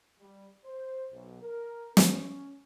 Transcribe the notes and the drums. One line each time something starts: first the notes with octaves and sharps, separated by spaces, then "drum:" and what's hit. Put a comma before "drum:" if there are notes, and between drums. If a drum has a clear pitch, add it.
G3
C5
B1
A#4
C#4, drum: snare